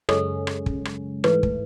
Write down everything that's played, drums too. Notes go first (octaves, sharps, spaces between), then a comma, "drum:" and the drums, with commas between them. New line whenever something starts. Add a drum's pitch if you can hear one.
F#2 C#3 G#3 C#4 A4, drum: rim click
drum: rim click
drum: kick
drum: rim click
G#2 E3 A3 B4, drum: rim click
drum: kick